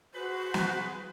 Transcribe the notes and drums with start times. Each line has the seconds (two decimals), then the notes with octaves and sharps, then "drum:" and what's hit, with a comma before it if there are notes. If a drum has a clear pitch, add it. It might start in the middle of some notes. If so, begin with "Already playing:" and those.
0.15 F#4 G#4 B4 C5
0.54 drum: snare